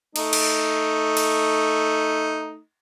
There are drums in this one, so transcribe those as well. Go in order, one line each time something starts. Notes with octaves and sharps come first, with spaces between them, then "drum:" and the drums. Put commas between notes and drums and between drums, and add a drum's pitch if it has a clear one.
A3 D#4, drum: cymbal
drum: cymbal
drum: cymbal